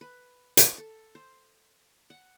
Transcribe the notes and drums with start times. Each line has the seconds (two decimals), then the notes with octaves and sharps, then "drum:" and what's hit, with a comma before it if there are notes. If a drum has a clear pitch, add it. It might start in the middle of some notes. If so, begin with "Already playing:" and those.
0.01 B4
0.57 drum: hi-hat
0.78 A4
1.15 C5
2.10 F#5